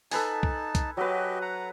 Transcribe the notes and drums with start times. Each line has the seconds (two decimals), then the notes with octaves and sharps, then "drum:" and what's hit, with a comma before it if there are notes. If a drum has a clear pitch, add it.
0.11 D#4 A4 B4 G#5 A5, drum: open hi-hat
0.43 drum: kick
0.75 drum: kick, hi-hat
0.97 F#3 F#4 G4 B4 D#5
1.42 F#5 A#5